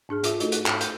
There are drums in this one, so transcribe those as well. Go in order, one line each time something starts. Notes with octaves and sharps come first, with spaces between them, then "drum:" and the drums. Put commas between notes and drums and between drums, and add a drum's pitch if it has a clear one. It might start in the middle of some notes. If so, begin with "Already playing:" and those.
G#2 D4 G#4 F6
G#2 F4 E5 D6, drum: hi-hat
A3 D4 D#4 F#4 A4 D#5, drum: hi-hat
F#6, drum: hi-hat
G#2, drum: clap
G6, drum: hi-hat